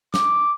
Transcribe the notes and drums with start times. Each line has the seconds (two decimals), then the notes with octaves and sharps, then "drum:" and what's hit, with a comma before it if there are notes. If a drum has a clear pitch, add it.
0.14 D6, drum: snare